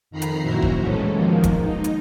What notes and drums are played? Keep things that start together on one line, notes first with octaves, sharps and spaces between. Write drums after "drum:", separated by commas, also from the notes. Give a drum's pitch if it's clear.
F2 D#3 A#5 B5 C7
drum: hi-hat
F#2 A#2 E4 F#4 C5 A#5
drum: kick E1
A2 E3 G#3 C#4 A4
B2 D#3 F3 G#3 A#3
drum: kick E1, hi-hat
D#4
drum: hi-hat